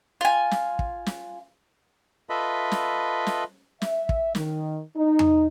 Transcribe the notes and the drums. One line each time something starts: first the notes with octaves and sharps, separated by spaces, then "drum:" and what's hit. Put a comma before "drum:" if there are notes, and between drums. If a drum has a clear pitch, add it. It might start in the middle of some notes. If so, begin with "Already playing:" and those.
F4 G#5
drum: snare
drum: kick
drum: snare
F4 A4 B4 D#5 E5 B5
drum: snare
drum: snare
E5, drum: snare
drum: kick
D#3, drum: snare
D#4
drum: tom E2